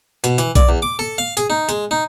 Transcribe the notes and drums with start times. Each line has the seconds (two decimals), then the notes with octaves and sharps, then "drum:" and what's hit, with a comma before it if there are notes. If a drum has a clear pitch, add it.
0.24 B2, drum: hi-hat
0.38 E3, drum: hi-hat
0.56 D5, drum: kick B1, hi-hat
0.69 E2
0.82 D6
0.99 A4
1.18 F5
1.37 G#4, drum: hi-hat
1.50 D#4
1.69 G#3, drum: hi-hat
1.91 D#4